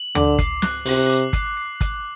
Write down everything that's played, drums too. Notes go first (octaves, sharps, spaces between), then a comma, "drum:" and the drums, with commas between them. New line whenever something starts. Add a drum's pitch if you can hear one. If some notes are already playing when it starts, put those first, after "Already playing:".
Already playing: F#7
D3 D6, drum: tom D2
C7, drum: kick, hi-hat
F#6, drum: snare
C3 F#7, drum: open hi-hat
D6
C7, drum: kick, hi-hat
C7
drum: kick, hi-hat